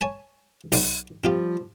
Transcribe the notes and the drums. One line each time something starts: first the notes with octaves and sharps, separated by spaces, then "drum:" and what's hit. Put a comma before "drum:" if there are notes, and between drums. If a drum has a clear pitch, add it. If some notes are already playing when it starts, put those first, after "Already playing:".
C#5 G#5 A5
B1 C5 D5, drum: open hi-hat
F3 G3 C4 F4 G4